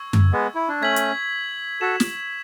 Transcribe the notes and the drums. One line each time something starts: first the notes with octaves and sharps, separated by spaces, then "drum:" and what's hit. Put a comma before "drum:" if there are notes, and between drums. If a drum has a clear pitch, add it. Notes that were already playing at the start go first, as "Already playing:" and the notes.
Already playing: C#6 E6 G#6
drum: tom F#2
G#3 B3
E4
D4
A3 C#4 G#6 B6 F#7
drum: hi-hat
F#4 A4 G#6 B6 E7
drum: snare